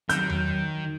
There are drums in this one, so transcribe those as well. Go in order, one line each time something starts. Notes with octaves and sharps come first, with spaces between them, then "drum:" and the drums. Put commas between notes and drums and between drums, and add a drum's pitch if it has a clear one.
D#3 F#3 G6, drum: hi-hat
drum: tom E2